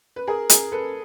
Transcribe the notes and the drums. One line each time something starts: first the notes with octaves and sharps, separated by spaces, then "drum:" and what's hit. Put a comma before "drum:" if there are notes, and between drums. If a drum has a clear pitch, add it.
B4
G#4 A#4
G#4 A#4, drum: hi-hat
A4 B4